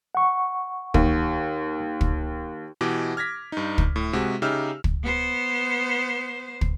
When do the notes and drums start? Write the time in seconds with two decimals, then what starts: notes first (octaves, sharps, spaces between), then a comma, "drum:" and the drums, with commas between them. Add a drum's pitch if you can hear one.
0.15 F#5 C#6
0.94 D#2, drum: kick
2.01 drum: kick
2.81 B2 E3 G4 D6
3.17 F6 G#6 A#6 B6
3.52 G2 D#4
3.78 drum: kick
3.96 A2
4.13 C3 G#3 F#4 G#4
4.42 C#3 D#4 G4 E5 E6 F6
4.84 drum: kick
5.03 B3 C5
6.61 drum: kick